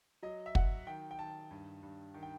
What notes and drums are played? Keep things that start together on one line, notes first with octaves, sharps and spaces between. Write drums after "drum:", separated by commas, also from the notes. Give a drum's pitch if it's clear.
F#3 D#5
E5
F#3 F#5, drum: kick
D#3 G5
G5
D#3 A5
G2
G2
D#3
G5